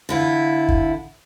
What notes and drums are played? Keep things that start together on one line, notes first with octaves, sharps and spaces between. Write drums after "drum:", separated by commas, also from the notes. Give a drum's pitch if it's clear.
D3 E4 F4
drum: kick